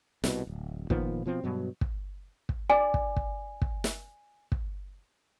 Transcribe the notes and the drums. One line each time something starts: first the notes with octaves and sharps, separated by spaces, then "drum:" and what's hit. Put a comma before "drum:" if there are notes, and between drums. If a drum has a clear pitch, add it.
C2 B2, drum: snare
D1
A#2 D#3 F3 B3, drum: kick
B2 F3 C4
G2 B2 F#3
drum: kick
drum: kick
D5 G#5
drum: kick
drum: kick
drum: kick
drum: snare
drum: kick